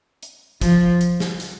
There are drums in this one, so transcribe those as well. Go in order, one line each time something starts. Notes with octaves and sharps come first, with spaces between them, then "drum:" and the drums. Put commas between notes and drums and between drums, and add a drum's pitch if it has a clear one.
drum: hi-hat
F3, drum: kick, hi-hat
drum: hi-hat
drum: snare
drum: hi-hat